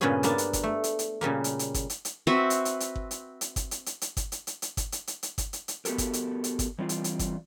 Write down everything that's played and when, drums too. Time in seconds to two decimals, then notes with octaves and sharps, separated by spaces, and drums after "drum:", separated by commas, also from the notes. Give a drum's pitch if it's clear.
0.01 G2 A#2 C#3 B3 C#4 G#4
0.23 A#3 B3 D4 A5, drum: hi-hat
0.38 drum: hi-hat
0.53 drum: kick G1, hi-hat
0.63 A3
0.84 drum: hi-hat
0.99 drum: hi-hat
1.21 A#2 C#3 G3 A#3
1.44 drum: hi-hat
1.59 drum: hi-hat
1.74 drum: kick G1, hi-hat
1.90 drum: hi-hat
2.05 drum: hi-hat
2.27 C4 F#4 B4 E5
2.50 drum: hi-hat
2.65 drum: hi-hat
2.80 drum: hi-hat
2.96 drum: kick G1
3.11 drum: hi-hat
3.41 drum: hi-hat
3.56 drum: kick G1, hi-hat
3.71 drum: hi-hat
3.86 drum: hi-hat
4.01 drum: hi-hat
4.17 drum: kick G1, hi-hat
4.32 drum: hi-hat
4.47 drum: hi-hat
4.62 drum: hi-hat
4.77 drum: kick G1, hi-hat
4.92 drum: hi-hat
5.07 drum: hi-hat
5.23 drum: hi-hat
5.38 drum: kick G1, hi-hat
5.53 drum: hi-hat
5.68 drum: hi-hat
5.85 B3 F#4 G4 A4 A#4, drum: hi-hat
5.98 drum: kick G1, hi-hat
6.13 drum: hi-hat
6.44 drum: hi-hat
6.59 drum: kick G1, hi-hat
6.78 E3 G3 C4 F4 D5
6.89 drum: hi-hat
7.04 drum: hi-hat
7.19 drum: kick G1, hi-hat